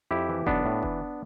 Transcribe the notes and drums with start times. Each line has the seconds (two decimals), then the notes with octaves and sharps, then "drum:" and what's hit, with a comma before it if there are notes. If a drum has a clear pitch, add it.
0.11 F2 E4 G4
0.29 E3
0.46 B1 B3 D4, drum: kick F1
0.65 A2
0.83 E3, drum: kick F1